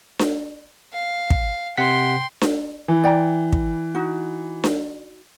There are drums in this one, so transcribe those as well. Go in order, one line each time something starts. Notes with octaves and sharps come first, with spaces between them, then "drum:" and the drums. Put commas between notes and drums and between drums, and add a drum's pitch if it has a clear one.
drum: snare D4
F5
drum: kick
C3 F#5 G5 C6 B6
drum: snare D4
E3
D5 G5 A#5
drum: kick
D#4 F#4
drum: snare D4